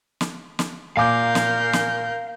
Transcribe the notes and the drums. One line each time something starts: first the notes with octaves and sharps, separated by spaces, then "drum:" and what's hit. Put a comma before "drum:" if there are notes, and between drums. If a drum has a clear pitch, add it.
drum: snare
drum: snare
A#2 A#4 F5 G#5 D6 G6
drum: snare
drum: snare